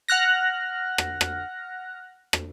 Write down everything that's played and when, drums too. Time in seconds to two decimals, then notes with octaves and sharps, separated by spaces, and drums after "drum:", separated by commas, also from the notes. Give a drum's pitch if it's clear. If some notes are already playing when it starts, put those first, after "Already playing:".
0.08 F#5 F6 F#6 A#6
0.98 drum: rim click
1.21 drum: rim click
2.33 drum: rim click